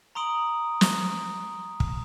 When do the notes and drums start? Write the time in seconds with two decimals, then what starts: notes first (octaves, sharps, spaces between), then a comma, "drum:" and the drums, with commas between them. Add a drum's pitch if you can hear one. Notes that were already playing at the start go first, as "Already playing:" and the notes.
0.15 A#5 C6 D#6 D7 F#7
0.81 drum: snare
1.80 drum: kick